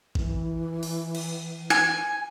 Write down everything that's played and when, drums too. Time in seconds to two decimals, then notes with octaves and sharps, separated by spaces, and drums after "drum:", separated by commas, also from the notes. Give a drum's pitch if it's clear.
0.15 E3, drum: kick G#1
0.83 drum: open hi-hat
1.15 drum: cymbal
1.70 G#5, drum: snare